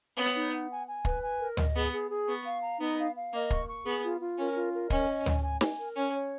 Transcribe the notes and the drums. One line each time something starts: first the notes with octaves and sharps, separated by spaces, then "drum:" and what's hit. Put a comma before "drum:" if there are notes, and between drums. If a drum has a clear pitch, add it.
B3 C#5
drum: hi-hat
D#4
F#5
G#5
G#5
B4, drum: kick
G#5
A#4
D#5, drum: tom D2
B3 G#4
G#4
G#4
B3 C#6
F5
A#5
B3 D#4
F5
F5
A#3 D#5
C#6, drum: kick
C#6
B3 G#4
F4
F4
C#4 A#4
F4
A#4
C#4 D#5, drum: kick
G#5
G#5, drum: tom D2
G#5
G#5, drum: snare
A#4
C#4 C#5
C#5